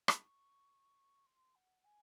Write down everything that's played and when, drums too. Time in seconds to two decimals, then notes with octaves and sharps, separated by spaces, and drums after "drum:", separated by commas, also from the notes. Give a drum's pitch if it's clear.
0.08 C#6, drum: rim click
1.26 C6
1.55 F#5
1.84 G#5